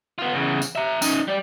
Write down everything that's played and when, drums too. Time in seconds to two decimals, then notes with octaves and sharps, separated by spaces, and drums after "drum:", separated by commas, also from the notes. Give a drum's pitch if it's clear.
0.19 B3 F4
0.34 E2 C#3
0.62 drum: tambourine
0.75 E5 A#5
1.02 C#4 D#4, drum: tambourine
1.28 G3 D5